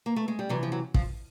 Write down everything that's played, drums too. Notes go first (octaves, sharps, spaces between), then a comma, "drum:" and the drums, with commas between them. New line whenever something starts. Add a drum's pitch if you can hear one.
A#3
A3
G#3
G3
C3 E3 F#3
F3
F#3
F3, drum: kick